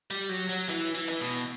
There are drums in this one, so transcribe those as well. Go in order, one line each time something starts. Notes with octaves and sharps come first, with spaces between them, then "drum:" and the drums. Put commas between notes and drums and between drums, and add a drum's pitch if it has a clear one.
G3
F#3
F#3
E3, drum: hi-hat
E3
drum: hi-hat
B2